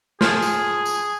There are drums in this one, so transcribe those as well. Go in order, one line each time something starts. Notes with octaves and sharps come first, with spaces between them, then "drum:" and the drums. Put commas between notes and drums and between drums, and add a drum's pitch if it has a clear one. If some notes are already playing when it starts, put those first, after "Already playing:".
F3 G#4, drum: snare
drum: tambourine
drum: tambourine